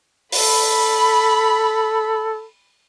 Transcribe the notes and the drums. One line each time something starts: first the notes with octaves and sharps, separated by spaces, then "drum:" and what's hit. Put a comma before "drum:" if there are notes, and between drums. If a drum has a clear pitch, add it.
A4 B5, drum: open hi-hat